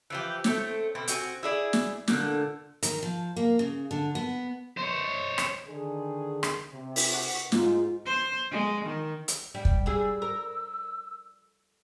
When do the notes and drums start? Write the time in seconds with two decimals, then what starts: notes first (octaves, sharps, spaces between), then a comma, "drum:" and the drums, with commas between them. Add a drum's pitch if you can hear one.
0.10 E3 F3 G4
0.44 A3 C4 C#5, drum: snare
0.95 B2 C4
1.08 C4 F#4 G#5, drum: hi-hat
1.43 E4 G#4 D5
1.73 drum: snare
2.08 A#2 D3, drum: snare
2.83 D#3, drum: hi-hat
3.03 F3
3.36 A#3
3.59 C#3
3.91 D3
4.15 B3
4.77 C5 C#5
5.38 drum: rim click
5.68 D3 D#3 G#4
6.43 drum: rim click
6.72 C3
6.96 drum: open hi-hat
7.13 F#5
7.52 G#2 F4, drum: snare
8.06 C5
8.51 G#3
8.85 D#3
9.28 drum: hi-hat
9.55 G3 G5
9.65 drum: kick
9.86 G3 G#4 E6
10.22 A#4